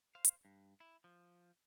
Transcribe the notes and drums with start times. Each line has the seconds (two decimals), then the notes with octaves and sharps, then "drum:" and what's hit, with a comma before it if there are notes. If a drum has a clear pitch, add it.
0.15 C5 F5
0.25 drum: hi-hat
0.45 G2
0.80 E4
1.04 F3